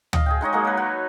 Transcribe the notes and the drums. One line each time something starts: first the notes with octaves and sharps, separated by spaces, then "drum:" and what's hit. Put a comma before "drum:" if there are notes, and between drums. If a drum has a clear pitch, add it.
D#5 F5, drum: tom D2
G#4 D#5 G5
G#3 D#4 C#5 D#5
F#3 G#3 A#3
A#3 B4
F#4 B4 C#5